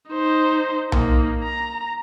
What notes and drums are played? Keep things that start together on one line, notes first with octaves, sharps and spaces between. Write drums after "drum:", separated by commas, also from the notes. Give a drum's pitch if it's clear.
D#4 C5
A#3 D#4, drum: tom B1
A#5